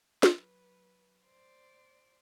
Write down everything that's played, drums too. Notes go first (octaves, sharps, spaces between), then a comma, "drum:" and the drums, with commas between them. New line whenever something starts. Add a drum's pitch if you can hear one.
F#3 B4, drum: snare
C5 D5